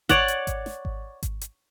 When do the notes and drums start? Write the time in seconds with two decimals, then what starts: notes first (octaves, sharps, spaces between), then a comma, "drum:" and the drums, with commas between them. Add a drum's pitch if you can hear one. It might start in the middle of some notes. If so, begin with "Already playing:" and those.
0.09 C#5 D5 F#5, drum: kick G#1, hi-hat
0.28 drum: hi-hat
0.47 drum: kick G#1, hi-hat
0.66 drum: snare
0.85 drum: kick G#1
1.23 drum: kick G#1, hi-hat
1.41 drum: hi-hat